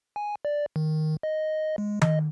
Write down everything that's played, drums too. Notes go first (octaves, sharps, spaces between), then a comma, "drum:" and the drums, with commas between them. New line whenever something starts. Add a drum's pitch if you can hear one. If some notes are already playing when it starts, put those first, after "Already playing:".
G#5
D5
D#3
D#5
G#3
D#5, drum: tom D#3